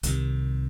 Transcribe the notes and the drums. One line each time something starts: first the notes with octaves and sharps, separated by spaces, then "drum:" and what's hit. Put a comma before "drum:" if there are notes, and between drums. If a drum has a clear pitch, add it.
C2 C3 D#3, drum: hi-hat